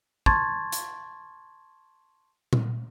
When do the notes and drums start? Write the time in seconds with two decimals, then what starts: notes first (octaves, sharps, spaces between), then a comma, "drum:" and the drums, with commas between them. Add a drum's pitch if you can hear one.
0.26 A5 C6 C#6 G#6 A6, drum: kick
0.72 drum: hi-hat
2.53 drum: tom A#2